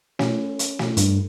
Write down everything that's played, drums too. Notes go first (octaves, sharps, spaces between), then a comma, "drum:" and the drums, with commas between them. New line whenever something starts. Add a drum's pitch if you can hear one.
C#4, drum: snare
drum: hi-hat
drum: snare
G2, drum: hi-hat